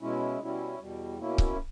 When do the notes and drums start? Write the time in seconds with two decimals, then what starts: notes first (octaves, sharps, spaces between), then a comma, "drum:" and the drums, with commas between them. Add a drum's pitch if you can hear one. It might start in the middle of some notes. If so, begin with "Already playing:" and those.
0.01 B2 G#3 C#4 E4
0.40 B2 G3 C#4 E4
0.79 E2 B2 G3
1.18 B2 A#3 C#4 E4
1.38 drum: kick C#1